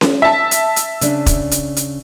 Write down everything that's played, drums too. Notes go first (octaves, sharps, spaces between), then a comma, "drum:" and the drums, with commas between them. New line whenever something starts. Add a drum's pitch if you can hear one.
drum: snare C#4
E5 A5
drum: hi-hat
drum: hi-hat
C#3 D4, drum: hi-hat
drum: kick, hi-hat
drum: hi-hat
drum: hi-hat